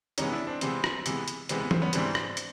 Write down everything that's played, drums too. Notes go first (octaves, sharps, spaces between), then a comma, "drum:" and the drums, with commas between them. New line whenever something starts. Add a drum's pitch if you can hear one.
C3 E3 G#3 B3 C#4 D#4, drum: hi-hat
D4 E4
C4 D4
C3 E3 G#3 B3 C4, drum: hi-hat
drum: rim click
C3 E3 G#3 B3, drum: hi-hat
drum: hi-hat
C3 E3 G#3 B3 C4, drum: hi-hat
B3
C4, drum: tom E3
B3 C#4
G#2 E3 G3 C4 D4, drum: hi-hat
drum: rim click
drum: hi-hat